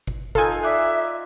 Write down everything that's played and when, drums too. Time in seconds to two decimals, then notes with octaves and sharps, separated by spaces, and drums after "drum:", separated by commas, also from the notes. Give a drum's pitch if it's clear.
0.07 drum: kick
0.35 D#4 F4 A4 F5 G#5, drum: kick
0.63 D5 E5 D6 F#6